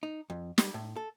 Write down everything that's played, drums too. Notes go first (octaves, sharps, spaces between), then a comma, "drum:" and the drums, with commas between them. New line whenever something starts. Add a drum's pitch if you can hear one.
D#4
F2
G3, drum: snare
A2
A4